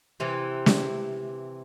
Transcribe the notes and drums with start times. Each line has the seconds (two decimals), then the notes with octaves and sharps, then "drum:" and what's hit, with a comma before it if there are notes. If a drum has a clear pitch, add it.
0.20 C3 E3
0.66 drum: snare